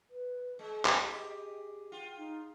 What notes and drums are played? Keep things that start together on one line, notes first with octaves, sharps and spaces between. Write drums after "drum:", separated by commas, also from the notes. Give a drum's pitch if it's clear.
B4
G#3 D#5
drum: clap
G4 G#4
F4 G5
D#4